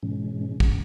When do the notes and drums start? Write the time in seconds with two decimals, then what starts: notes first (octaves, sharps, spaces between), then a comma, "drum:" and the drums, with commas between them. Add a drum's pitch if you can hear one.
0.03 G#2 B2 E3 G#3 C#4
0.60 drum: kick